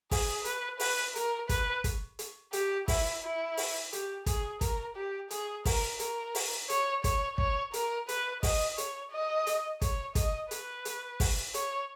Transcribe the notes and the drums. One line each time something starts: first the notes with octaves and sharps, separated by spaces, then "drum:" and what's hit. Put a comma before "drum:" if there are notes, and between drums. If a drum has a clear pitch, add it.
G#4, drum: kick, open hi-hat
B4, drum: hi-hat
B4, drum: open hi-hat
A#4, drum: hi-hat
B4, drum: kick, hi-hat
drum: kick, hi-hat
drum: hi-hat
G4, drum: hi-hat
E4, drum: kick, open hi-hat
E4
drum: open hi-hat
G4, drum: hi-hat
G#4, drum: kick, hi-hat
A#4, drum: kick, hi-hat
G4
G#4, drum: hi-hat
A#4, drum: kick, open hi-hat
A#4, drum: hi-hat
drum: open hi-hat
C#5, drum: hi-hat
C#5, drum: kick, hi-hat
C#5, drum: kick
A#4, drum: hi-hat
B4, drum: hi-hat
D#5, drum: kick, open hi-hat
C#5, drum: hi-hat
D#5
drum: hi-hat
C#5, drum: kick, hi-hat
D#5, drum: kick, hi-hat
B4, drum: hi-hat
drum: hi-hat
drum: kick, open hi-hat
C#5, drum: hi-hat